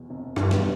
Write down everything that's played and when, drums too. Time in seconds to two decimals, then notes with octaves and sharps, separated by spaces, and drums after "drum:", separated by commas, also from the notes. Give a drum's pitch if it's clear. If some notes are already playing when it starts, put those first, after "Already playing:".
Already playing: F1 E2 B2
0.10 F1
0.36 G2, drum: rim click
0.51 B2, drum: snare